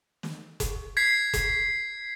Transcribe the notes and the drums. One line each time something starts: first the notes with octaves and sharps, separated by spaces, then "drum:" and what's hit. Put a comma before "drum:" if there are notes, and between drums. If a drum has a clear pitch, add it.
drum: snare
drum: kick F1, hi-hat
G#6 B6 C7
drum: kick F1, hi-hat